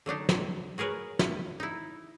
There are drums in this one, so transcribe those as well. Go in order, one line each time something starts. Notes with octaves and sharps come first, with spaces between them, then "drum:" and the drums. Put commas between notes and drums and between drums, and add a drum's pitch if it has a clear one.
D3 F#3 D4 D#4
drum: snare
F#4 G#4 A#4 B4 C#5
drum: snare
D#4 E4